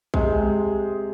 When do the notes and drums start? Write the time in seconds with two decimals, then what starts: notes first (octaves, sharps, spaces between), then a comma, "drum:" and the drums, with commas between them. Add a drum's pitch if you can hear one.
0.14 C3 G#3, drum: kick A#1